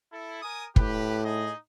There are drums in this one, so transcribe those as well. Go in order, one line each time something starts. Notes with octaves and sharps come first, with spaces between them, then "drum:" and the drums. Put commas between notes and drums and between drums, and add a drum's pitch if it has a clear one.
E4 A4
A#4 G#5 D#6
A2 G4 B4, drum: kick
D#4 G#4 D#5